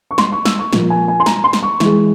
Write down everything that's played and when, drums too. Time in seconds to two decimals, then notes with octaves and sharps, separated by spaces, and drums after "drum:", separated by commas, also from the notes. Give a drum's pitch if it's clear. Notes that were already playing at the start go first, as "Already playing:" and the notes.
0.11 C#6
0.18 C6, drum: snare
0.32 C#6
0.45 E6, drum: snare
0.59 C#6
0.73 A#2 F3 A#3, drum: snare
0.90 G#5
1.08 G#5
1.20 C6
1.26 A#5, drum: snare
1.44 C6
1.53 drum: snare
1.63 C#6
1.80 E3 G#3, drum: snare